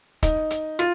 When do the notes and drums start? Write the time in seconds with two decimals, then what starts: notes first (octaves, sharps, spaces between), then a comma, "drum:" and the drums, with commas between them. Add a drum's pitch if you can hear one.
0.23 D#4, drum: kick, hi-hat
0.50 drum: hi-hat
0.79 F4, drum: rim click